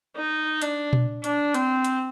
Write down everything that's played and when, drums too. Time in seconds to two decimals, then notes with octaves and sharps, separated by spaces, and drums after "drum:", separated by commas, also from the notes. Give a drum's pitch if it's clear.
0.17 D#4
0.62 D4, drum: hi-hat
0.93 drum: tom A#2
1.24 D4, drum: hi-hat
1.54 C4, drum: hi-hat
1.84 drum: hi-hat